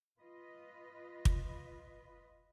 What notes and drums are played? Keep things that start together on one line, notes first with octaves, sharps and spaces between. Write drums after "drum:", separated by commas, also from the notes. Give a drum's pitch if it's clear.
F4 B4 D#5
drum: kick